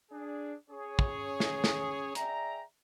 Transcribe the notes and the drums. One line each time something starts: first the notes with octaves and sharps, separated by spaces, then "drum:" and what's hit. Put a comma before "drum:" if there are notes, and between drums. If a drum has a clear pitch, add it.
D4 G#4
C#4 G#4 C#5
drum: kick
drum: snare
drum: snare
G#4 D5 E5 G5 A#5, drum: hi-hat